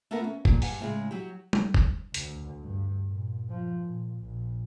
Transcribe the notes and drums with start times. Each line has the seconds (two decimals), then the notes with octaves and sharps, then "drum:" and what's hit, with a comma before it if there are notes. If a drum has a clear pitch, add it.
0.11 A3 B3 F4 A4 A#4 F#5
0.24 C#4
0.45 A#2, drum: kick
0.62 G2 F#5 G#5, drum: open hi-hat
0.80 A2 C#3 G#3
1.11 F#3 G4
1.53 drum: tom G3
1.74 drum: kick
2.14 D2, drum: hi-hat
2.62 G2
3.09 A#2
3.50 F3
3.83 A#2
4.20 A#1